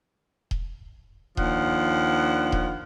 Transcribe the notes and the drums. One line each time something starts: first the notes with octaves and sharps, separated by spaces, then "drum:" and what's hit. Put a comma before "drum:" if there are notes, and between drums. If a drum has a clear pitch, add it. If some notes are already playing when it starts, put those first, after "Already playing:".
drum: kick D#1
D#2 F3 D4 F#5, drum: kick D#1
drum: kick D#1